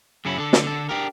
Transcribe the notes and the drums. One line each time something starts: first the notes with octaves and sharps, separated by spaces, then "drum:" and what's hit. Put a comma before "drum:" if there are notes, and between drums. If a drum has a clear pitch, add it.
F#2 C#3 F#3 C#4 E4
D3 A4
drum: snare
D3 A4
D4 D#4 G4 A#4